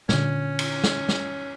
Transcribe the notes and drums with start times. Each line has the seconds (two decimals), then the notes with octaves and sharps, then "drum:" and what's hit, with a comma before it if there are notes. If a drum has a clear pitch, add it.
0.09 A#2 D3 C#4, drum: snare
0.59 drum: cymbal
0.84 drum: snare
1.09 drum: snare